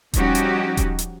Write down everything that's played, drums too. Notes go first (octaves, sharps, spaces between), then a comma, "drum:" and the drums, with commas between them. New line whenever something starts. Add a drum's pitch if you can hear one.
F3 G3 C#4 D#4 F#4 G4, drum: kick D#1, hi-hat
drum: hi-hat
drum: kick D#1, hi-hat
drum: hi-hat